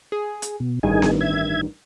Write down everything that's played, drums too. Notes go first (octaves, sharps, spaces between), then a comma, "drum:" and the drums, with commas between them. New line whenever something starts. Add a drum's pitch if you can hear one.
G#4
drum: hi-hat
B2
A1 G2 D#3 D#4 G#4 G#5
drum: snare B3
E5 G#6